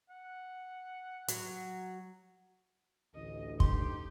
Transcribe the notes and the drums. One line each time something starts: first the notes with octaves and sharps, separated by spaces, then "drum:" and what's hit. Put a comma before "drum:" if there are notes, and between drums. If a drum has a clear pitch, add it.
F#5
F#3, drum: hi-hat
A1 D2 D#5
D#4 G4 C6, drum: kick